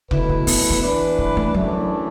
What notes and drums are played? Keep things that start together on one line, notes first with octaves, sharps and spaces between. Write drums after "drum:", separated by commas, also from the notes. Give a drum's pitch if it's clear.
B2 D3 A3 E4 B4, drum: kick F1
B3
B3, drum: open hi-hat
B3
E3 D4 B4
A3
A3
F#2 E3 F#3 A3 D4